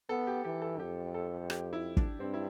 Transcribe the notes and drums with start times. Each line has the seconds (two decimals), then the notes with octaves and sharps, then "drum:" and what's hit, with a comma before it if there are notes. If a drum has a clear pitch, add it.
0.09 B3 A4
0.27 G4
0.44 E3 G4
0.62 A4
0.80 F2 G4
1.14 A4
1.50 G4, drum: rim click
1.73 E4
1.97 D4, drum: kick
2.19 G2 C4
2.34 E4